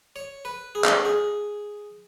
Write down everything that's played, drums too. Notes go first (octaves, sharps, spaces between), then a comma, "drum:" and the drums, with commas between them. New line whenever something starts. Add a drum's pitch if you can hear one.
C#5
B4
G#4
drum: clap
G#4